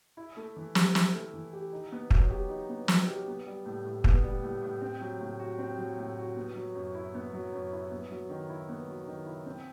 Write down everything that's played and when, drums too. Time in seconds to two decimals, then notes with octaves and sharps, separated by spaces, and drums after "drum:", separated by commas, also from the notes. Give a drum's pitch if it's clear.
0.17 E4
0.37 A3
0.57 E3
0.75 G4, drum: snare
0.95 E4, drum: snare
1.14 A3
1.34 E3
1.53 G4
1.73 D#4
1.92 B3
2.11 F#3, drum: kick
2.30 G4
2.49 D#4
2.69 B3
2.88 F#3, drum: snare
3.07 G4
3.27 B3
3.47 G3
3.66 A2
3.85 A2
4.04 B3, drum: kick
4.23 G3
4.43 A2
4.62 A2
4.82 C4
5.01 F#3
5.21 A2
5.39 F#4
5.58 C4
5.79 F#3
5.98 A2
6.18 F#4
6.36 B3
6.56 F#3
6.75 F#2
6.95 E4
7.14 B3
7.34 F#3
7.53 F#2
7.72 E4
7.91 B3
8.11 F#3
8.29 D#3
8.49 E4
8.69 B3
8.88 F#3
9.07 D#3
9.26 E4
9.46 C4